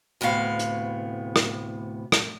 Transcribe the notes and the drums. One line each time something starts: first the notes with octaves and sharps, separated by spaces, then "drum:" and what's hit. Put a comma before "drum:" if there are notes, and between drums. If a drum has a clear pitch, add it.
D2 A2 C3 B3 F5
drum: hi-hat
drum: rim click
drum: rim click